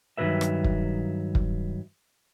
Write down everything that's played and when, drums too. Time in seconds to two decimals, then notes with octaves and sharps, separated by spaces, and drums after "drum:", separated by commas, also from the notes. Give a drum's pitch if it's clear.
0.17 G2 D#3 E3 F#3 B4 E5
0.41 drum: rim click
0.64 drum: kick
1.35 drum: kick